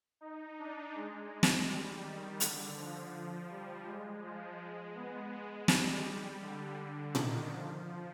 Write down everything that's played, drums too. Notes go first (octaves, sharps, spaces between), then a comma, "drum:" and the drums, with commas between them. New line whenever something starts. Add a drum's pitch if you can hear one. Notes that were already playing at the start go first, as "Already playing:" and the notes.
D#4
D4
G#3
drum: snare
G3
D#3
D3, drum: hi-hat
F3
F3
G3
G#3
F3
G#3
B3
G#3
G3, drum: snare
G3
D3
D#3, drum: tom A#2
F3